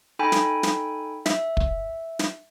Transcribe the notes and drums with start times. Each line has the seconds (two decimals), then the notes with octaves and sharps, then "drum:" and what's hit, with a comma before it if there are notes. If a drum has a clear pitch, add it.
0.19 D#4 A4 G5 G#5 B5
0.32 drum: snare
0.63 drum: snare
1.26 E5, drum: snare
1.57 drum: kick
2.19 drum: snare